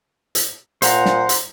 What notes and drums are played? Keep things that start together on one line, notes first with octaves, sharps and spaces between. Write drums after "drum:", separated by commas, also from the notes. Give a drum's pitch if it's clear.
drum: hi-hat
A#2 C5 F#5 A#5, drum: hi-hat
drum: snare
drum: hi-hat